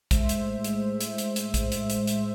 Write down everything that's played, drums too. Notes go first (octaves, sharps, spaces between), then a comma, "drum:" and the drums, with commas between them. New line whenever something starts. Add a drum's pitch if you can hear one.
G#3 C5 E5, drum: kick A#1, hi-hat
drum: hi-hat
A2
G#3, drum: hi-hat
A2
drum: hi-hat
drum: hi-hat
drum: hi-hat
drum: kick A#1, hi-hat
drum: hi-hat
drum: hi-hat
drum: hi-hat